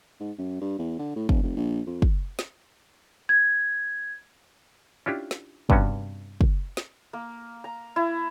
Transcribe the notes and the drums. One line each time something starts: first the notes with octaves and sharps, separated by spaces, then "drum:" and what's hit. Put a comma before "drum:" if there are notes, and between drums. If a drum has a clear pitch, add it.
G#2
F#2
G2
E2
D3
A2
E1, drum: kick
F1
A#1
F2
drum: kick
drum: snare
G#6
C#4 D4 E4 F4 G4
drum: snare
G2 C3 B3 C#4 F#4, drum: kick
drum: kick
drum: snare
A#3
A#5
E4